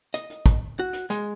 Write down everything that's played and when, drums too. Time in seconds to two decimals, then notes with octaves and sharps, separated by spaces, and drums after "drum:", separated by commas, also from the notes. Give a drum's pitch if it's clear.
0.14 D#5, drum: hi-hat
0.30 drum: hi-hat
0.46 drum: kick, hi-hat
0.79 F#4
0.93 drum: hi-hat
1.10 G#3, drum: hi-hat